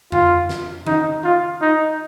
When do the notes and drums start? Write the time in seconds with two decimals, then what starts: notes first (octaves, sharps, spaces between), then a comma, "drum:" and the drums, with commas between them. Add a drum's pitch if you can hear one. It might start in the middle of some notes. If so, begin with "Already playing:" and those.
0.12 F4, drum: tom F2
0.49 drum: snare
0.87 D#4, drum: tom D#3
1.24 F4
1.61 D#4